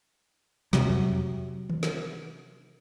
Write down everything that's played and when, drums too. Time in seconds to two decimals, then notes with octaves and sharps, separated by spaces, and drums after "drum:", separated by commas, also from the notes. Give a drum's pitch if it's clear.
0.73 C3 F#3, drum: snare
0.90 drum: tom E2
1.70 drum: tom
1.83 drum: snare